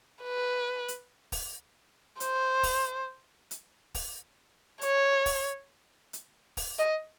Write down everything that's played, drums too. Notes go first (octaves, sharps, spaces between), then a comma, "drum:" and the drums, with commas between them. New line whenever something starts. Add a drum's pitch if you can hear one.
B4
drum: hi-hat
drum: kick, open hi-hat
C5, drum: hi-hat
drum: kick, open hi-hat
drum: hi-hat
drum: kick, open hi-hat
C#5, drum: hi-hat
drum: kick, open hi-hat
drum: hi-hat
drum: kick, open hi-hat
D#5